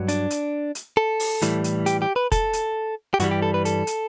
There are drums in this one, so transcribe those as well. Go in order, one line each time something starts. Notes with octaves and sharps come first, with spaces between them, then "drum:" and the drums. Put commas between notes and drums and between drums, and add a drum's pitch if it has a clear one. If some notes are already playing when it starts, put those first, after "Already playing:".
Already playing: G2 F#3
D4, drum: hi-hat
drum: hi-hat
drum: hi-hat
A4
drum: open hi-hat
A2 E3 G3, drum: hi-hat
drum: hi-hat
G4, drum: hi-hat
G4
B4
A4, drum: kick F1, hi-hat
drum: hi-hat
G4
G2 E3 G3 F#4, drum: hi-hat
G4
A4
B4
A4, drum: hi-hat
drum: hi-hat